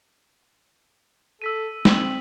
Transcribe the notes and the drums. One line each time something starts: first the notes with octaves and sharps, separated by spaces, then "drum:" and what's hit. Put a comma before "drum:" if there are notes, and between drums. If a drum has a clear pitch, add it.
A4 E6 B6 D#7
C4 D#6 F#7, drum: snare